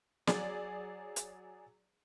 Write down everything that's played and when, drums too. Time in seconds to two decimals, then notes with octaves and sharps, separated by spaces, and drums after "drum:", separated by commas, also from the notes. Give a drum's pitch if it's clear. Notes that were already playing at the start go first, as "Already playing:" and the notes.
0.27 F#3 G#4 D5, drum: snare
1.16 drum: hi-hat